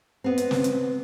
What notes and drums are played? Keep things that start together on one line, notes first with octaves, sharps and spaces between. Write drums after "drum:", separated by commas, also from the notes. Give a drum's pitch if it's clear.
B3 C4
drum: hi-hat
drum: snare
drum: hi-hat